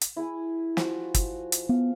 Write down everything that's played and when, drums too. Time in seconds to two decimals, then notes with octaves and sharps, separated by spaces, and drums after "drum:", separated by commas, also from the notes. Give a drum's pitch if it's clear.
0.01 drum: hi-hat
0.17 E4 G#4 G#5
0.77 F3 F#4, drum: snare
1.14 drum: kick, hi-hat
1.52 drum: hi-hat
1.69 B3 F5